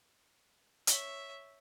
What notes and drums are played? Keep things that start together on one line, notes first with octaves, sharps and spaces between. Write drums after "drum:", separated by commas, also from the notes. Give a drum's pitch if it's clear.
C#5 E5, drum: hi-hat